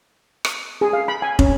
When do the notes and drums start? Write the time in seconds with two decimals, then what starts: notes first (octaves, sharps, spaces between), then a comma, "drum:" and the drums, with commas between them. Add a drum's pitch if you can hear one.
0.45 drum: rim click
0.81 G#4
0.93 F5
1.08 B5
1.22 G#5
1.39 C#4, drum: kick